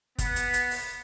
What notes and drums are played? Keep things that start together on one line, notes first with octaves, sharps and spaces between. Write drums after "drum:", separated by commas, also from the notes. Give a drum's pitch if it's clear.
B3, drum: kick, hi-hat
drum: hi-hat
drum: hi-hat
drum: open hi-hat